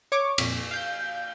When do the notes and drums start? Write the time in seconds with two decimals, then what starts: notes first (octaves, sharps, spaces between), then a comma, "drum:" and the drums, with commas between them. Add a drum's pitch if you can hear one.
0.12 C#5 C#6 D6
0.38 F2 A#2, drum: cymbal
0.71 F5 G6